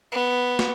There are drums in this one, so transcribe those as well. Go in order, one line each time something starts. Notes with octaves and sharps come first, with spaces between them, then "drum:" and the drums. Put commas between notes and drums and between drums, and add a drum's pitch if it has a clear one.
B3
drum: snare